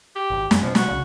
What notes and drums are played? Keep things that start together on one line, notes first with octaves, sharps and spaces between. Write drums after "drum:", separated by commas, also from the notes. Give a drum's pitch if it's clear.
G4
G#1
F#2 G#3, drum: snare
B2 F3
F#4, drum: snare
C2 C#3